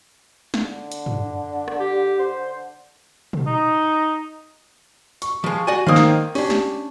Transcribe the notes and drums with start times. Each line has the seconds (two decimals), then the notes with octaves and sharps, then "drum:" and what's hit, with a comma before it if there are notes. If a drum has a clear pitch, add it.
0.54 drum: snare
0.67 D3
0.92 drum: hi-hat
1.06 drum: tom
1.68 drum: rim click
1.80 G4
2.19 C5
3.33 drum: tom
3.47 D#4
5.22 C#6, drum: hi-hat
5.44 F3 G#3
5.67 F#4 D5 G#5
5.87 D#3 A#3 C5 F5 D#6
5.96 drum: snare
6.35 C#4 D4 G4, drum: open hi-hat
6.50 drum: snare